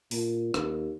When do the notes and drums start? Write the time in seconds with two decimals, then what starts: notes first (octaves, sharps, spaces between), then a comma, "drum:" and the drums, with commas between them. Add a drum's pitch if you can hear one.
0.11 A#2, drum: open hi-hat
0.54 D#2, drum: rim click